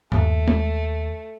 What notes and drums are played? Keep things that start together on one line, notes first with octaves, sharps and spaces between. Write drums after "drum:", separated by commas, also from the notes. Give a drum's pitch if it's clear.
D#2 A3, drum: tom G2
drum: tom G#3